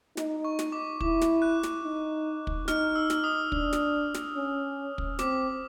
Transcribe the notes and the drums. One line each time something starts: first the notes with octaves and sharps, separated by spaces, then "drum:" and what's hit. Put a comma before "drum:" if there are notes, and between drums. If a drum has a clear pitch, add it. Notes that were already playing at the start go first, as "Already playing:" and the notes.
D#4, drum: snare
C#6
drum: snare
D6
E4 D6, drum: kick
drum: snare
F#6
drum: snare
D#4
drum: kick
D#4 F6, drum: snare
E6
drum: snare
D#6
D4, drum: kick
drum: snare
drum: snare
C#4
drum: kick
C4 D6, drum: snare